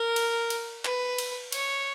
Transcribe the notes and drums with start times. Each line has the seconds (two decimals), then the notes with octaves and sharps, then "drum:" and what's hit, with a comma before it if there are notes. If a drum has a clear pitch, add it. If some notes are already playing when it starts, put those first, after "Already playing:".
Already playing: A#4
0.16 drum: cymbal
0.50 drum: cymbal
0.85 B4, drum: clap
1.18 drum: cymbal
1.52 C#5, drum: cymbal